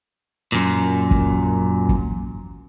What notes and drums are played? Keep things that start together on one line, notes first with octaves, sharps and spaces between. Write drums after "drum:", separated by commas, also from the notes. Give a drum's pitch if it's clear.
F#2 A#2
drum: kick
drum: kick